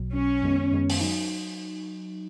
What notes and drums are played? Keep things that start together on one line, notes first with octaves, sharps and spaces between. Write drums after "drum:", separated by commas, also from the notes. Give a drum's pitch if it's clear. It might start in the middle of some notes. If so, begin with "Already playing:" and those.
Already playing: B1 B2 F#3
B1 B2 F#3 C#4
F#2 D#3 G#3 B3
F#2 D#3 G#3 B3
drum: open hi-hat
F#3 D#4